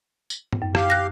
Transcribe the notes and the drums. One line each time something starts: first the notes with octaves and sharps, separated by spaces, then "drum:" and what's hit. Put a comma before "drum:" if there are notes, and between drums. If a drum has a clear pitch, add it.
drum: tambourine
drum: tom G#2
F#2
G4 F5, drum: rim click
F#6 A#6